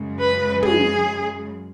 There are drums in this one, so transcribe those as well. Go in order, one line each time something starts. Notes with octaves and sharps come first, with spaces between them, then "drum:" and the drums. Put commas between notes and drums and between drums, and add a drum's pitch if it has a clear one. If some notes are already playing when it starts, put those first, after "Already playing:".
Already playing: F#2 C#3 G#3
B4
G#4, drum: tom